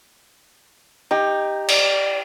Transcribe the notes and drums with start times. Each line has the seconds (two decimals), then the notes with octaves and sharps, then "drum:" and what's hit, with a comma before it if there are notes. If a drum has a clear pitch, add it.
1.11 D#4 G4
1.69 D5, drum: cymbal